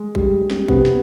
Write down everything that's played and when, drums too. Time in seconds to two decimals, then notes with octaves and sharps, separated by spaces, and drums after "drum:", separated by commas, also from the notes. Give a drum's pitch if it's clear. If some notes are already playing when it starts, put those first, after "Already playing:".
Already playing: G#3
0.15 G3, drum: kick
0.41 G3
0.51 drum: snare
0.68 C3 B3, drum: kick
0.86 drum: snare